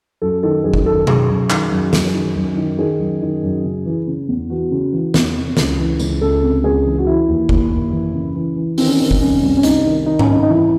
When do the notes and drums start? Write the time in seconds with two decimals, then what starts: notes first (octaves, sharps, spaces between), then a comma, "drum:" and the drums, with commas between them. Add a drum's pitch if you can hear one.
0.22 F#2 A4
0.43 D#3 A4
0.64 F#2 G#4
0.74 drum: kick F#1
0.86 D#3 A4
1.07 F#2 G#4, drum: tom B2
1.29 F#2
1.50 D#3, drum: clap
1.71 F#2
1.93 F#2, drum: snare
2.14 D#3
2.36 F#2
2.57 D#3
2.79 D#3 G#4
3.00 F#2
3.22 D#3
3.43 F#2
3.64 C#3
3.85 E3
4.07 C#3
4.28 E2
4.50 E3 F#4
4.71 C#3
4.93 E3
5.14 E2, drum: snare
5.35 C3
5.57 C#2, drum: snare
5.78 E3
5.99 C#2, drum: tambourine
6.21 C#2 A4
6.42 C3
6.64 C#2 G#4
6.86 E3
6.98 F#4
7.07 E3 E4
7.28 D#2
7.49 D#2, drum: kick F#1
7.71 D#2
7.92 E3
8.14 C#3
8.35 E3
8.56 E3
8.78 D#3 C4, drum: open hi-hat
8.87 C#4
8.96 D#3 C4
9.11 drum: kick F#1
9.20 C2 C#4
9.43 C2
9.57 C#4
9.63 C2 D#4, drum: hi-hat
9.85 D#3
10.06 D#3 D#4
10.19 C#4, drum: tom G#2
10.27 C2 D#4
10.43 D#4
10.49 E3 E4